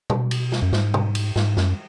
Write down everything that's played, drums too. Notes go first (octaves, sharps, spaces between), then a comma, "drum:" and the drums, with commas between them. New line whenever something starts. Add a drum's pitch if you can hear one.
B2, drum: tom
drum: cymbal
drum: snare
F#2
G#2, drum: snare
drum: tom
drum: cymbal
G#2, drum: snare
F#2, drum: snare